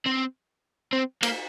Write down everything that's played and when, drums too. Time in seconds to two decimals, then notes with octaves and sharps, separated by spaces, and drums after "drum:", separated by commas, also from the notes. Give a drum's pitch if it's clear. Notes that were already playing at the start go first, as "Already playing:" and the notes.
0.06 C4
0.93 C4
1.23 A#3, drum: cymbal